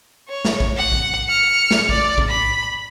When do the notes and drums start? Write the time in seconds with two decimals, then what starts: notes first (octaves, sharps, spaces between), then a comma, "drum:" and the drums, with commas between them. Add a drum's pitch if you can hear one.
0.29 C#5
0.45 drum: snare
0.60 drum: kick A#1
0.77 F#5
0.92 drum: kick A#1
1.27 F6 C#7
1.71 drum: snare
1.89 D5, drum: kick A#1
2.18 drum: kick A#1
2.29 B5